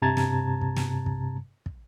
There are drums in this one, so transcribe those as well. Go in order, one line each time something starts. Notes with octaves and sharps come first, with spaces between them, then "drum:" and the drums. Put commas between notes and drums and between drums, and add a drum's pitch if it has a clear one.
G2 C3 A5 A#5 G#6 A6
drum: snare
drum: kick
drum: snare
drum: kick
drum: kick